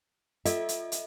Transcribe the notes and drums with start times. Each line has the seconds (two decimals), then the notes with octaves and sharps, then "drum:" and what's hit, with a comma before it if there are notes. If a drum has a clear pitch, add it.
0.45 F4 A4 D#5 E5, drum: hi-hat
0.69 drum: hi-hat
0.92 drum: hi-hat